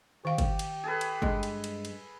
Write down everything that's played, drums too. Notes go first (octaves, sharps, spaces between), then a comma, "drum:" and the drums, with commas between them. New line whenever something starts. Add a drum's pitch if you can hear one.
D#3 G4 F5
drum: kick, cymbal
drum: cymbal
G#4 A4 B4
drum: cymbal
G2 G#3, drum: kick
drum: cymbal
drum: cymbal
drum: cymbal